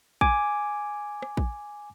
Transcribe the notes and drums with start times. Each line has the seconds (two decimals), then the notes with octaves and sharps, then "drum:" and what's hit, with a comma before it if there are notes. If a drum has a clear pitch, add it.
0.21 G#5 D6, drum: kick
1.22 drum: rim click
1.37 drum: kick